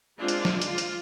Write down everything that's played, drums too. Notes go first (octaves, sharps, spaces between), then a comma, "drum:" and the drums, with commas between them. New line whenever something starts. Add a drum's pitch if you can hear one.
G#3 A#3 C4 D4 F4
drum: hi-hat
drum: snare
F4, drum: hi-hat
drum: hi-hat